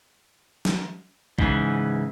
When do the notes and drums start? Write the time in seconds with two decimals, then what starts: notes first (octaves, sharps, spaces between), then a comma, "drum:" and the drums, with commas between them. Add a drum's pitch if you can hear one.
0.65 drum: snare
1.39 G#2 C#3 E3, drum: kick